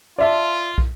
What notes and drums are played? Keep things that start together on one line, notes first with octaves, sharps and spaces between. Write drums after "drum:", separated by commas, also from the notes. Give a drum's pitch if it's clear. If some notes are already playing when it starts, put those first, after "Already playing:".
F4 D5 E5 A5
drum: kick